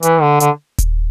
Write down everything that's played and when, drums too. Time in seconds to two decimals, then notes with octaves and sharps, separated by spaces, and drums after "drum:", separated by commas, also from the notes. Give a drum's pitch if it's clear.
0.03 E3, drum: hi-hat
0.21 D3
0.40 D3, drum: hi-hat
0.78 drum: kick D#1, hi-hat